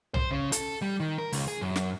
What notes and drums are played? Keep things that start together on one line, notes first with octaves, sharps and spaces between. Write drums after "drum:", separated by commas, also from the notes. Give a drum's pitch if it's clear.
C5, drum: tom
C#3
A4, drum: hi-hat
G3
D#3
A#4
C#2, drum: open hi-hat
G#4
F#2
drum: snare